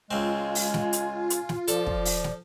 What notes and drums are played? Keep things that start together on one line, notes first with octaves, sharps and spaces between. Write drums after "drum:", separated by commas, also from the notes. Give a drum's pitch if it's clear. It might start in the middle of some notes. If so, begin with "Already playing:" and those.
C#2 G#3 C4 F4 G#5
drum: open hi-hat
drum: snare
drum: hi-hat
drum: hi-hat
drum: snare
F3 A4 D5, drum: hi-hat
drum: kick
drum: open hi-hat
drum: snare